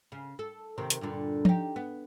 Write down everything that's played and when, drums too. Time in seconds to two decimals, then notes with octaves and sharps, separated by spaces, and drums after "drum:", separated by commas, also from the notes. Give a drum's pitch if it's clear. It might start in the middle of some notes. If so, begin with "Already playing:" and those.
0.12 C#3
0.39 A4
0.78 D#2 C3 D#3
0.90 drum: hi-hat
1.01 G2 A#2 D3
1.45 D#4 G4, drum: tom F3
1.76 B3